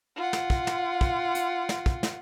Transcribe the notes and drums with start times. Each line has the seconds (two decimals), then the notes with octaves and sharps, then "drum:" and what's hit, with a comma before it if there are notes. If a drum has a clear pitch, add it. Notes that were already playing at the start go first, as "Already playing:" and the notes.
0.16 F4 F#5
0.33 drum: snare
0.50 drum: kick
0.67 drum: snare
1.01 drum: kick
1.35 drum: hi-hat
1.69 drum: snare
1.86 drum: kick
2.03 drum: snare